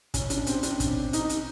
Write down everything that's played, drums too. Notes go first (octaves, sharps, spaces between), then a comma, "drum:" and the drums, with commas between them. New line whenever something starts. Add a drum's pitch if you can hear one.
C#4, drum: kick, hi-hat
D4, drum: hi-hat
C4, drum: hi-hat
D4, drum: hi-hat
drum: kick, hi-hat
D#4, drum: hi-hat
drum: hi-hat